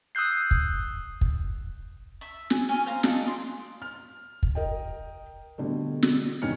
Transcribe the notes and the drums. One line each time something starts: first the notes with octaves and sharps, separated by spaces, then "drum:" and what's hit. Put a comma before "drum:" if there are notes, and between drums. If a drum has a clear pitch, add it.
D#6 E6 F#6 G6 C7
drum: kick
drum: kick
E5
G#5, drum: snare
C#4 G#5 F6
C5 F5 A#5
D4 D#4, drum: snare
D5 B5 C6
F6
drum: kick
A#4 D#5 G5
B2 D3 G3 A3
drum: snare
F1 G2 D#3 C#4 F6 C#7